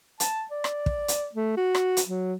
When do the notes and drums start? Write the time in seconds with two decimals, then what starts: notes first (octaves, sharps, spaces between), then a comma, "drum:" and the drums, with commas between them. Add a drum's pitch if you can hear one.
0.20 A5, drum: hi-hat
0.51 D5
0.64 drum: rim click
0.86 drum: kick
1.08 drum: hi-hat
1.34 A3
1.57 F#4
1.75 drum: rim click
1.97 drum: hi-hat
2.07 F#3